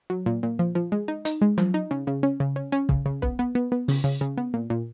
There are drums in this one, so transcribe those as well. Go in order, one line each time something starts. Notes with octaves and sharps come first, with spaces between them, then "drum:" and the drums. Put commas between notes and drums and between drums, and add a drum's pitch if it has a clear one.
F#3
A#2
A#2
F3
F3
G#3
D#4
D#4, drum: hi-hat
G#3
F3, drum: tom F#3
D#4
C#3
C#3
C#4
C#3
C#4
C#4
C#3, drum: kick
C#3
B3, drum: kick
B3
B3
B3
C#3, drum: open hi-hat
C#3
C#3
B3
A#2
A#2